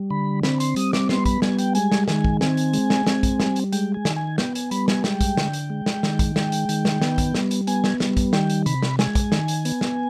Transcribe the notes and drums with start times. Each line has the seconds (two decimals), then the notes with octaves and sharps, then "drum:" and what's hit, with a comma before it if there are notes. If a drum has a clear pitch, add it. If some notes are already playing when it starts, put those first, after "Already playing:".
Already playing: G3
0.10 D3 B5
0.43 C4 B5, drum: snare
0.60 C6, drum: hi-hat
0.76 G3 D#6, drum: hi-hat
0.93 D6, drum: snare
1.09 B3 C6, drum: snare
1.26 B5, drum: kick, hi-hat
1.42 G3 G#5, drum: snare
1.59 G5, drum: hi-hat
1.75 G#3 G#5, drum: hi-hat
1.92 drum: snare
2.08 D#3 G#5, drum: snare
2.24 drum: kick
2.41 C4 G#5, drum: snare
2.57 drum: hi-hat
2.73 G#3, drum: hi-hat
2.90 drum: snare
3.07 C4, drum: snare
3.23 drum: kick, hi-hat
3.40 G3, drum: snare
3.56 drum: hi-hat
3.73 G#3 G5, drum: hi-hat
3.94 G#5
4.05 D#3, drum: snare
4.17 G#5
4.38 B3 G5, drum: snare
4.55 G#5, drum: hi-hat
4.71 G3 B5, drum: hi-hat
4.88 G#5, drum: snare
5.04 G#3 G5, drum: snare
5.21 drum: kick, hi-hat
5.37 D3, drum: snare
5.53 drum: hi-hat
5.70 G#3
5.86 drum: snare
6.03 D#3, drum: snare
6.19 drum: kick, hi-hat
6.36 G#3, drum: snare
6.52 drum: hi-hat
6.69 D#3, drum: hi-hat
6.85 drum: snare
7.02 B3, drum: snare
7.18 drum: kick, hi-hat
7.34 G3, drum: snare
7.51 drum: hi-hat
7.67 B3 G#5, drum: hi-hat
7.84 drum: snare
8.00 G3, drum: snare
8.17 drum: kick, hi-hat
8.33 D#3 G5, drum: snare
8.50 drum: hi-hat
8.66 C3 B5, drum: hi-hat
8.83 drum: snare
8.99 G#3 G#5, drum: snare
9.15 drum: kick, hi-hat
9.32 D#3, drum: snare
9.48 drum: hi-hat
9.65 B3, drum: hi-hat
9.81 drum: snare